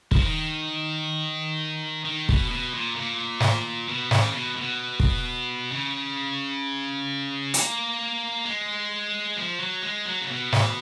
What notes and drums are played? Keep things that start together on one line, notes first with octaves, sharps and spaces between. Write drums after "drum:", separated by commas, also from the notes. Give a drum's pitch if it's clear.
F3, drum: kick
D#3
D#3
B2, drum: kick
B2
A#2
A#2
drum: snare
B2
C#3, drum: snare
B2
B2
drum: kick
C#3
A#3, drum: hi-hat
G#3
F3
F#3
G#3
F#3
C#3
B2
drum: snare